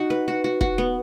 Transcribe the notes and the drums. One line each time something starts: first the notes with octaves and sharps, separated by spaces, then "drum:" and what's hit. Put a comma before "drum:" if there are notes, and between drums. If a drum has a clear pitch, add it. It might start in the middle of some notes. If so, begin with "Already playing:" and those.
Already playing: D#4 F#4
B4
F#4
F#4
F#4, drum: kick
B3